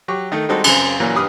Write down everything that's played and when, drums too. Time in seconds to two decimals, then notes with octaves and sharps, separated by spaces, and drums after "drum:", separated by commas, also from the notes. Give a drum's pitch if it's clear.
0.08 F#3 G4 C#6
0.32 D#3 A3 D#4
0.49 G3 G#3 C4 D#4 F#4 A4
0.64 F#2 C#3 C4, drum: cymbal
1.00 A#2 E3 F#3 A#3 C#4
1.15 G2 G4 B4 D#6 F6